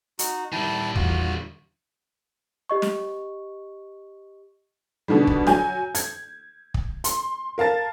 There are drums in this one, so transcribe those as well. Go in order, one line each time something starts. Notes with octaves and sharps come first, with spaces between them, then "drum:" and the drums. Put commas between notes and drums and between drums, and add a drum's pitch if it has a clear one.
D#4 F#4, drum: hi-hat
D#3 G3 E4 G5 A5
E2 F4 F#4, drum: kick
G4 D#5 C#6
drum: snare
B2 D3 D#3 G3
drum: kick
F#3 G#5 G6, drum: snare
G#6, drum: hi-hat
drum: kick
C6, drum: hi-hat
A#4 F5 A5 A6